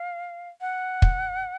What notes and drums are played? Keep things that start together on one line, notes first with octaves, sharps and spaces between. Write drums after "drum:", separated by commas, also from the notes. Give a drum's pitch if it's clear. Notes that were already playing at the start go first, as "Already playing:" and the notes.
Already playing: F5
F#5
drum: kick